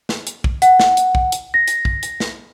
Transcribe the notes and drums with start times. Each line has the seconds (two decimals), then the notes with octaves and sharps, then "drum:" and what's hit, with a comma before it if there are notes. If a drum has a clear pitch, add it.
0.09 drum: snare
0.27 drum: hi-hat
0.44 drum: kick B1
0.62 F#5, drum: hi-hat
0.80 drum: snare
0.97 drum: hi-hat
1.15 drum: kick B1
1.32 drum: hi-hat
1.54 A#6
1.68 drum: hi-hat
1.85 drum: kick B1
2.03 drum: hi-hat
2.20 drum: snare